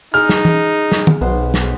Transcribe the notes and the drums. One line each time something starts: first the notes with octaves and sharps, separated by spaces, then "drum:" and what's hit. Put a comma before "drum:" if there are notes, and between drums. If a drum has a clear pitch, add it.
G#3 D#4 F6
drum: snare
drum: tom
drum: snare
drum: tom
B1 B3 C5
drum: snare